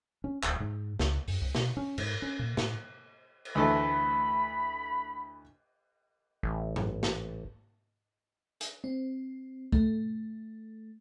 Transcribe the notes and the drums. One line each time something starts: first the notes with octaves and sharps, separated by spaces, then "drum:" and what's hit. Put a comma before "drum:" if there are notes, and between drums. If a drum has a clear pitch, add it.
C#4
D1, drum: clap
G#2
C#2, drum: snare
F#2, drum: open hi-hat
C2
B2, drum: snare
C#4
G#2, drum: cymbal
C#4
A#2
A2, drum: snare
drum: cymbal
D2 E3 A3 B5
A1
drum: tom G#2
drum: snare
drum: hi-hat
C4
A3, drum: kick